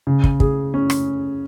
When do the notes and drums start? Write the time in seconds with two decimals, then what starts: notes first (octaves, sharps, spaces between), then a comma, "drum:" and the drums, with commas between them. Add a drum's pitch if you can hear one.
0.07 C#3
0.24 drum: kick
0.40 G#4, drum: kick
0.74 C#4
0.90 drum: rim click